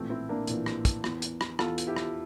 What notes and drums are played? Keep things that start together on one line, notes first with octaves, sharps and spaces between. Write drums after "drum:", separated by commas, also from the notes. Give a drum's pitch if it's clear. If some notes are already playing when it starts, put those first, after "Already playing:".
Already playing: A#1 A2 E3 A3 C4
C4 E4
A#3 D4
A#1 A2 E3, drum: hi-hat
drum: rim click
drum: kick, hi-hat
E2 E3, drum: rim click
drum: hi-hat
drum: rim click
E2 E3 F4 A4, drum: rim click
drum: hi-hat
E4 G4
drum: rim click